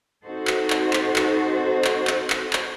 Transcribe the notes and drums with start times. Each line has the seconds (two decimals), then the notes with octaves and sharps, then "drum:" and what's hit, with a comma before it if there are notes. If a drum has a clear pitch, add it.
0.25 C4 D#4 F#4 A4 C5
0.47 drum: clap
0.70 drum: clap
0.93 drum: clap
1.16 drum: clap
1.85 drum: clap
2.07 drum: clap
2.30 drum: clap
2.53 drum: clap